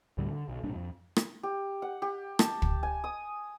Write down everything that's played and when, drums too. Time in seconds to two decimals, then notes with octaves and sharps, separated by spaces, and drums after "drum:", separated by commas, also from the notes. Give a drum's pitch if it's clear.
0.18 D2 A2 D3 G3
0.31 D3
0.48 B1
0.63 B1 G2 A#2 D4
0.75 F2
1.16 drum: rim click
1.43 G4
1.82 F#5
2.02 G4
2.39 A5, drum: rim click
2.62 drum: kick
2.83 G#5
3.04 D#6